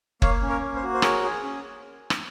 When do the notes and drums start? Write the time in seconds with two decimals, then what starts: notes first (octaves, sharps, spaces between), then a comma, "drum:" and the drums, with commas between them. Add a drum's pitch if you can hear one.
0.22 A#3 C#5 F5, drum: kick
0.42 C#4
0.49 A#4 C#5
0.63 A#3
0.76 C5
0.83 F#4
0.94 C5
1.02 G#4 A#4 C#5, drum: rim click
1.23 G#4
1.43 C#4
2.10 drum: rim click